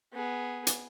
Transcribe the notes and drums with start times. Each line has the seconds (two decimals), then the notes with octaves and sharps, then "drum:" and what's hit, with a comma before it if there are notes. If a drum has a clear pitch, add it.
0.13 B3 G#4
0.67 drum: hi-hat